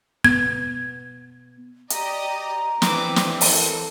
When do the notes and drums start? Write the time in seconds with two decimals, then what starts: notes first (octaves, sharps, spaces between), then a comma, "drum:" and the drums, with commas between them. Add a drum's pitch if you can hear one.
0.25 B3 G#6
1.90 G4 D5 D#5 A#5, drum: hi-hat
2.82 E3 C4 B4 D6, drum: snare
3.16 drum: snare
3.41 A4 A#4, drum: open hi-hat